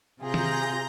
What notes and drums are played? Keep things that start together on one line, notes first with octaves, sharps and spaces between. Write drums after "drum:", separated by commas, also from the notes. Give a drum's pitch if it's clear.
C3 F4 G#4 A#5 G6 A#6
drum: tom